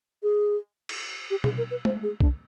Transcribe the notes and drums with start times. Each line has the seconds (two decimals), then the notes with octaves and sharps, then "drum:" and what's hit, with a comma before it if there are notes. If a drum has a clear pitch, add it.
0.23 G#4
0.89 drum: cymbal
1.30 G4
1.44 G#4, drum: tom B2
1.58 A#4
1.71 B4
1.85 C5, drum: tom G#3
2.03 G#4
2.20 D4, drum: kick B1